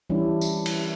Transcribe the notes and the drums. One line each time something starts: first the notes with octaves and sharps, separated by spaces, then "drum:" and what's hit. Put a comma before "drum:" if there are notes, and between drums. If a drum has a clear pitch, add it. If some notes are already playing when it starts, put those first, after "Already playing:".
E3 G3 C#4 D4 E4
drum: tambourine
drum: cymbal